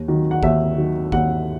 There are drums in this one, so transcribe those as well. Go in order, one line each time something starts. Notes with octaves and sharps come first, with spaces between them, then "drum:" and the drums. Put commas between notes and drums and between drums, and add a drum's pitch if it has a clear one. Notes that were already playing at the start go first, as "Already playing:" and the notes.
Already playing: D#2
D#3 F#3
F#5
D#2 E5, drum: kick
D#3 F#3
D#2 F#5, drum: kick